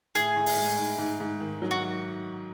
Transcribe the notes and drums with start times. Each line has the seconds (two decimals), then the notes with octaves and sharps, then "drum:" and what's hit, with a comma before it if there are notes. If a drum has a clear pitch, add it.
0.15 A2 G#4, drum: hi-hat
0.36 A2
0.46 drum: open hi-hat
0.57 G#3
0.78 D#4
0.98 G#2
1.20 G#2
1.40 D#3
1.62 F#3
1.71 F#4